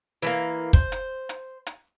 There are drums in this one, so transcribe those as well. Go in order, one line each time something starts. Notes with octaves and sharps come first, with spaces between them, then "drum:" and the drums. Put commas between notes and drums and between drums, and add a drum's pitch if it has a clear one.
E3 G3 A#3
C5, drum: kick
drum: hi-hat
drum: hi-hat
drum: hi-hat